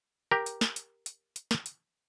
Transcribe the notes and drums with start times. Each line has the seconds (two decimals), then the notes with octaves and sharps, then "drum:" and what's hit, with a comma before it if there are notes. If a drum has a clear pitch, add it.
0.31 G4 A#4
0.46 drum: hi-hat
0.61 drum: snare
0.76 drum: hi-hat
1.06 drum: hi-hat
1.36 drum: hi-hat
1.51 drum: snare
1.66 drum: hi-hat